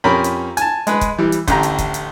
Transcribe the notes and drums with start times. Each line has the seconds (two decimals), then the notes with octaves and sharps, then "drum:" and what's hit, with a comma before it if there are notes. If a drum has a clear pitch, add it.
0.04 F2 C#4 G4 A#4 B5
0.24 drum: hi-hat
0.57 G#5 A5, drum: hi-hat
0.87 G#3 G#4 B4, drum: hi-hat
1.01 drum: kick, hi-hat
1.18 E3 G3
1.32 drum: hi-hat
1.48 A1 D2 G4 A#5, drum: kick, hi-hat
1.63 drum: hi-hat
1.78 drum: kick, hi-hat
1.94 drum: hi-hat